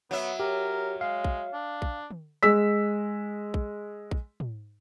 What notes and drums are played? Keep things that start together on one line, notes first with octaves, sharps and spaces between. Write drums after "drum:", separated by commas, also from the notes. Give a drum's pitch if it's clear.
F#3 B3 E5
G4 A#4
G#3 F5
drum: kick A#1
D4
drum: kick A#1
drum: tom
G#3 E6 B6
drum: kick A#1
drum: kick A#1
drum: tom